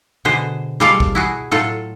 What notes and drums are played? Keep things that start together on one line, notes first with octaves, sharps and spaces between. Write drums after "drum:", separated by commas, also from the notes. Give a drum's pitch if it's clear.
B2 D3 G#4 B4 C5
G3 G#3 F4 A4 D5 F5, drum: tom F#3
drum: kick A1
E4 F#4 G#4
A2 F#3 F4 A4